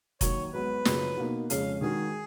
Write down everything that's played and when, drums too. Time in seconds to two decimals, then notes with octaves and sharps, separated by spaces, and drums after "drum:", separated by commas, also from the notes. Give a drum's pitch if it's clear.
0.21 D#3 F#3 A#3 C#5, drum: kick F1, hi-hat
0.53 G#2 F#3 B3 B4
0.85 F#2 C#3 F3, drum: snare
1.17 B2 A#3 D#4
1.50 F2 C#3 G#3 C#4 F5, drum: hi-hat
1.81 D#3 G#3 D#4 F#4 G#4